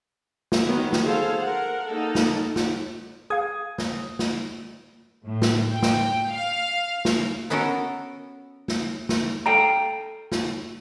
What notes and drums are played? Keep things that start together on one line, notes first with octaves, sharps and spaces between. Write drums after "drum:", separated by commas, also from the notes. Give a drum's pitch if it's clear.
drum: snare
D#3 F#3 B3
drum: snare
G#4 A4 C5 F5
A#4 F#5
A#3 D#4 A4
drum: snare
drum: snare
G#4 F5 D#6 G#6
drum: snare
drum: snare
A2
drum: snare
G5
drum: snare
F5
drum: snare
B3 C#4 F#4 A4 A#4
drum: snare
drum: snare
A4 F5 G5 A#5
drum: snare